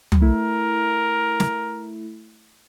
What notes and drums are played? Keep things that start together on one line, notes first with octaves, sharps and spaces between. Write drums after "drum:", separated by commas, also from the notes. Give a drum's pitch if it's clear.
drum: tom
A3 E4 A#4
drum: snare